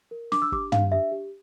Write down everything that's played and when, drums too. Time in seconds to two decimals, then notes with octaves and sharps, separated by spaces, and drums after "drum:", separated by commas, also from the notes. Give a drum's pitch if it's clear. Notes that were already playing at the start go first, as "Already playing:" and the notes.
0.11 A#4
0.32 D4 D6, drum: snare
0.42 E6
0.52 G4 D6, drum: kick
0.72 D4 F5, drum: tom
0.92 G4 E5
1.12 G4